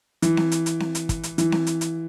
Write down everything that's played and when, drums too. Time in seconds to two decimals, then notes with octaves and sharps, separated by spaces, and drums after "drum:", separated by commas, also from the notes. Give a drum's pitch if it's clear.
0.22 E3, drum: hi-hat
0.37 drum: snare C4
0.52 drum: hi-hat
0.66 drum: hi-hat
0.80 drum: snare C4
0.95 drum: hi-hat
1.09 drum: kick, hi-hat
1.23 drum: hi-hat
1.38 E3, drum: hi-hat
1.52 drum: snare C4
1.67 drum: hi-hat
1.81 drum: hi-hat